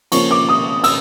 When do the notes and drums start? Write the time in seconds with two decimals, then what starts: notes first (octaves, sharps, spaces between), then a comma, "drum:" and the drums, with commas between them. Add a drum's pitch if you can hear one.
0.12 C#3 F3 A#3 C#4 C#6, drum: cymbal
0.31 D6
0.49 D#6
0.84 E6, drum: cymbal